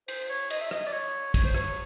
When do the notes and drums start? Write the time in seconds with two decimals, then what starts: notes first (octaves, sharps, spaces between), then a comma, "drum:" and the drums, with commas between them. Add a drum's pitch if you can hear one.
0.08 C5, drum: cymbal
0.29 C#5
0.50 D#5, drum: cymbal
0.61 E5
0.71 D#5, drum: rim click
0.86 D5
0.92 C#5
1.34 C#5, drum: kick, cymbal
1.44 C5
1.54 C#5, drum: rim click